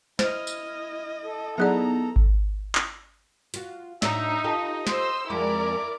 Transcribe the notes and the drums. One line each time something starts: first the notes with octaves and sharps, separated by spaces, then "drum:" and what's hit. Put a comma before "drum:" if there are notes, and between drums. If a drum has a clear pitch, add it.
E4 C5 D#5 F6, drum: snare
drum: tambourine
A4
F#3 B3 D#4 E4 G#4 D5 A#5
drum: kick G#1
drum: clap
F4 F#4, drum: hi-hat
A2 D4 D#4 F#4 E5, drum: snare
F4 G4 A4 D#5
C5 C6 E6, drum: snare
F2 G#3 E4 F#4 A#4 D5 D6